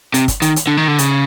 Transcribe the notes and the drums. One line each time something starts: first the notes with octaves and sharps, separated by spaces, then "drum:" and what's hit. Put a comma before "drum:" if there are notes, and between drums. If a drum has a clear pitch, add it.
C3, drum: hi-hat
drum: kick, hi-hat
D#3, drum: hi-hat
drum: hi-hat
D3
D#3
D3
C#3, drum: hi-hat